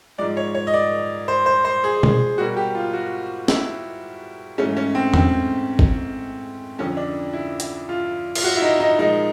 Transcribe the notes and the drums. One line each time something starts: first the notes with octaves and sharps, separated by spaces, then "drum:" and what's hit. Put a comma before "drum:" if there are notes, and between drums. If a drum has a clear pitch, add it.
G#2 F3 G#3 D5
C#5
C#5
D#5
D5
C5
C5
C5
G#4
drum: tom B2
B2 G3 A#3 F#4
G4
F4
F#4
E4, drum: snare
G#2 E3 A3 C#4
C#4
C4
C4, drum: tom E2
drum: kick G#1
F2 D3 F3 C#4
D4
E4
drum: hi-hat
F4
F4, drum: cymbal
F#4
E4
D#4
D#4
A#2 F3 G#3 D#4